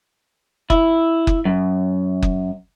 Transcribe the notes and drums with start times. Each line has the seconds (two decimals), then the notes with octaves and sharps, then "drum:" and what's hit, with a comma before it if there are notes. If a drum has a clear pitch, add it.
0.70 E4, drum: kick F#1
1.27 drum: kick F#1
1.45 F#2
2.22 drum: kick F#1